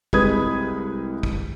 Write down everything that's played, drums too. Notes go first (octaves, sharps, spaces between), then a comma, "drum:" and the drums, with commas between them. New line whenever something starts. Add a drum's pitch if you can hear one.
C2 G#3 B4 B5 D#6 G#6, drum: kick
drum: kick